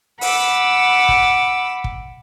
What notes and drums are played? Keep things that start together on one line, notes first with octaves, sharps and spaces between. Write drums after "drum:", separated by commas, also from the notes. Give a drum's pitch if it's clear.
F#5 B5 D6 E6, drum: open hi-hat
drum: kick
drum: kick